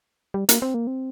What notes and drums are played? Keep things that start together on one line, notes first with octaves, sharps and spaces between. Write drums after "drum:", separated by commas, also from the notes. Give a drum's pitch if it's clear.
G3
A#3, drum: hi-hat
C4
A#3
C4